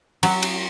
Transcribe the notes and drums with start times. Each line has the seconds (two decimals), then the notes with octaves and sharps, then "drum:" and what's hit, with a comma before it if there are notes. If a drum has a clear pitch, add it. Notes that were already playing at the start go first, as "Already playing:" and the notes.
0.23 F#3, drum: cymbal
0.42 drum: cymbal